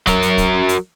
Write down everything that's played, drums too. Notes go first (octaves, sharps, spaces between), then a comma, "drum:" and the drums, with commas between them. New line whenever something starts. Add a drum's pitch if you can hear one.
F#3 A#4, drum: kick, hi-hat
drum: hi-hat
drum: kick, hi-hat
drum: hi-hat